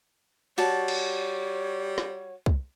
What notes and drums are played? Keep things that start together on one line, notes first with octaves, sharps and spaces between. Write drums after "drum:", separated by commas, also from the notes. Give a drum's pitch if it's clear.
G3 F#4 C#5 A5, drum: open hi-hat
drum: cymbal
drum: snare
drum: kick C2